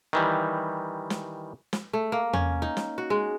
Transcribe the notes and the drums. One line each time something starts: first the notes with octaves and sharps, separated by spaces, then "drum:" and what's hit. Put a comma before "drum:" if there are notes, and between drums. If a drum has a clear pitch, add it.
D#3 E3 G3
drum: snare
drum: snare
A3
A#3
C#4, drum: tom E2
D#4
drum: snare
F#4
G#3